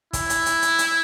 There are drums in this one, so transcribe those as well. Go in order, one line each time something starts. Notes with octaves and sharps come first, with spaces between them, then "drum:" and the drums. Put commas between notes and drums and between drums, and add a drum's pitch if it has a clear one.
E4, drum: kick, hi-hat
drum: hi-hat
drum: hi-hat
drum: hi-hat
drum: hi-hat